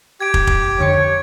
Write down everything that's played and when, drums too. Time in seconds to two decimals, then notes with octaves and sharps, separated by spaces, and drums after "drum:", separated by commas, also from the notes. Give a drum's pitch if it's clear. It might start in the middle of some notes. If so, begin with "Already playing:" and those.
0.20 G4 G#6 D7
0.34 drum: kick
0.47 drum: kick
0.79 F2 D3 C#5 C#7